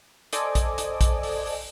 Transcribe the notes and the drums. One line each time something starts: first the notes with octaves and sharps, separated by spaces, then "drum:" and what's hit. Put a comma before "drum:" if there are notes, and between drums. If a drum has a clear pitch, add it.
A4 C5 D5 D#5 G#5 D6, drum: hi-hat
drum: kick A#1, hi-hat
drum: hi-hat
drum: kick A#1, hi-hat
drum: open hi-hat
drum: open hi-hat